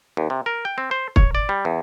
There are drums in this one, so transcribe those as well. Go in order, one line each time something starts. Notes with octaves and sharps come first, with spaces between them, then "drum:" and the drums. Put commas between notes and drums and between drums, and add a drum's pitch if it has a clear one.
D#2
C3
A#4
G5
C4
C5
C#5, drum: kick
D5
G3
E2